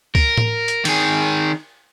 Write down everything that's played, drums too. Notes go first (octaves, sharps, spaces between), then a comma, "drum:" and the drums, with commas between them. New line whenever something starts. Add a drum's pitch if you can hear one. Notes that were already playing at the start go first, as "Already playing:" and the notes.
A#4, drum: kick C#2
drum: tom A2
drum: hi-hat
D#3 G#4, drum: cymbal